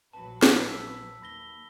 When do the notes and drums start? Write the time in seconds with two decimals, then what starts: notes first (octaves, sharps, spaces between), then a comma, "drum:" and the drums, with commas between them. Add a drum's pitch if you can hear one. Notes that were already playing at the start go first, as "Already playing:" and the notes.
0.13 A#1 F#3 B4 A5
0.43 drum: snare
0.67 E6 B6
1.22 D#2 B5 A#6 G7